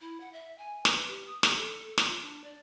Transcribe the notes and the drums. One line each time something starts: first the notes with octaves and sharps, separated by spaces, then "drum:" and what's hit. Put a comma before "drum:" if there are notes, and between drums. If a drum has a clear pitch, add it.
E4
F#5
E5
G#5
B4, drum: snare
G4
D#6
G4, drum: snare
A4
F4, drum: snare
D4
D5